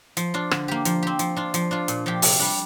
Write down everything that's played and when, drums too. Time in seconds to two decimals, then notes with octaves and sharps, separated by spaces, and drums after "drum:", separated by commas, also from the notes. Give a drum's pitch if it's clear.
0.17 F3, drum: hi-hat
0.34 D4 F4
0.51 D3, drum: rim click
0.68 A#3 G4
0.85 F3, drum: hi-hat
1.03 C4 G4
1.19 F3, drum: hi-hat
1.36 D4 F4
1.54 F3, drum: hi-hat
1.71 D4 F4
1.88 A#2, drum: hi-hat
2.06 F3 D4 G4
2.22 C3, drum: open hi-hat
2.39 G3 D4